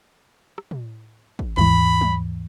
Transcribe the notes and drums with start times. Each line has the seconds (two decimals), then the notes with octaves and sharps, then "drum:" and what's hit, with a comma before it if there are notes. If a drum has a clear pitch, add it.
0.58 drum: rim click
0.71 drum: tom
1.39 drum: kick
1.57 D#2 G#2 E3 B5, drum: tom
2.01 drum: tom